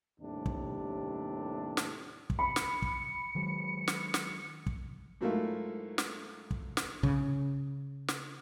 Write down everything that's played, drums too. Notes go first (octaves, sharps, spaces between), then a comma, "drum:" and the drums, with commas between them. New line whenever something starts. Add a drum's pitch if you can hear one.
D#2 A2 C3 G3 D4
drum: kick
drum: snare
drum: kick
B5 C#7
drum: snare
drum: kick
D#3 F#3 G#3
drum: snare
drum: snare
drum: kick
G#2 F#3 A3 A#3 E4 F4
drum: snare
drum: kick
drum: snare
C#3, drum: kick
drum: snare